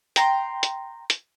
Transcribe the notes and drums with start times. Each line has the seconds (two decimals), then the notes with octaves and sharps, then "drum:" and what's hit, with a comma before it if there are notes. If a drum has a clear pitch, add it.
0.16 G5 A#5 C6, drum: hi-hat
0.63 drum: hi-hat
1.10 drum: hi-hat